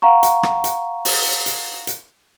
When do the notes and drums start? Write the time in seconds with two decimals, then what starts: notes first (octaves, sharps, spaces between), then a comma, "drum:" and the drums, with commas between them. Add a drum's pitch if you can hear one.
0.02 F5 F#5 A#5 C#6
0.23 drum: hi-hat
0.43 drum: rim click
0.64 drum: hi-hat
1.05 drum: open hi-hat
1.46 drum: hi-hat
1.87 drum: hi-hat